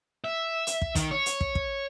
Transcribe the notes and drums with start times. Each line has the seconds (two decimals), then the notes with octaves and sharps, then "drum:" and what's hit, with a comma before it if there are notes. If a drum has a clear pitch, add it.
0.24 E5
0.67 drum: hi-hat
0.82 drum: kick
0.95 D#3, drum: kick, hi-hat
1.11 C#5
1.26 drum: hi-hat
1.41 drum: kick
1.55 drum: kick